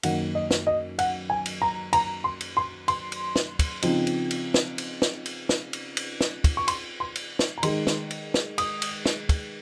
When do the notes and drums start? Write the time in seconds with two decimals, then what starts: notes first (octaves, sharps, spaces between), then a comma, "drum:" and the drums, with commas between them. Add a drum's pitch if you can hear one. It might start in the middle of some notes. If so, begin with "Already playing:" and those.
0.03 F#2 D#3 A#3 F#5, drum: cymbal
0.35 D#5
0.51 drum: snare
0.67 D#5
0.99 F#5, drum: cymbal
1.30 G#5
1.46 drum: cymbal
1.62 A#5
1.93 A#5, drum: cymbal
2.24 C6
2.41 drum: cymbal
2.57 C6
2.88 C6, drum: cymbal
3.12 drum: cymbal
3.36 drum: snare
3.59 drum: kick, cymbal
3.82 C#3 F3 C4 D#4, drum: cymbal
4.07 drum: cymbal
4.31 drum: cymbal
4.54 drum: snare
4.78 drum: cymbal
5.02 drum: snare
5.26 drum: cymbal
5.49 drum: snare
5.73 drum: cymbal
5.97 drum: cymbal
6.21 drum: snare
6.44 drum: kick, cymbal
6.57 C#6
6.68 C6, drum: cymbal
7.00 C6
7.16 drum: cymbal
7.39 drum: snare
7.58 A#5
7.63 D#3 G#3 D#4 C6, drum: cymbal
7.87 drum: snare
8.11 drum: cymbal
8.34 drum: snare
8.58 D#6, drum: cymbal
8.82 drum: cymbal
9.06 drum: snare
9.29 drum: kick, cymbal